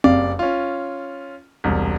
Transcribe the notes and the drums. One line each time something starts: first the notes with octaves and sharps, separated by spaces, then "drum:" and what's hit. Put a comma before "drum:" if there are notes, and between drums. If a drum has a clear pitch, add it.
F#1 G4 D5 F5, drum: tom C4
C#4 F4
E1 C2